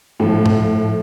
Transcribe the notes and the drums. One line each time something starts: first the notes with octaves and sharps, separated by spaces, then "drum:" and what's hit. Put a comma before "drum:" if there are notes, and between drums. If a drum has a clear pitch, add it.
A2 F3
drum: tom G#2